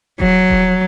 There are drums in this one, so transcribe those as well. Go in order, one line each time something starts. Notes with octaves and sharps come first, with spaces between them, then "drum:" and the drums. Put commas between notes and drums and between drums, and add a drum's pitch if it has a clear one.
F#3, drum: kick D#1
drum: kick D#1